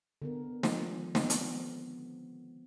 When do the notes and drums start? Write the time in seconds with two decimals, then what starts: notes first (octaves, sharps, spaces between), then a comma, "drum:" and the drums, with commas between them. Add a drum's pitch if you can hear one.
0.22 D3 B3 A#4
0.63 D#3 F3 G#3, drum: snare
1.15 D3 B3 C4, drum: snare
1.30 drum: hi-hat